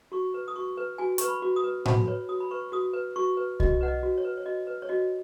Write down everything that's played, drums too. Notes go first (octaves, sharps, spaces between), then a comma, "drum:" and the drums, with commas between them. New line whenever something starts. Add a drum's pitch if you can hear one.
F#4 C#6
B4
D#6
F#4 C#6
B4
F#4 G#5
B4 C#6, drum: hi-hat
B5
F#4
D#6
B4
F#4 B5, drum: tom A2
B4 C#5
F#4 D#6
B5
B4 C#6
F#4 D#6
B4
F#4 C#6
B4
F#4 D#5, drum: kick C2
B4 F#5
D#5
F#4
C#5
B4
C#5
F#4 D#5
B4
C#5
F#4 D#5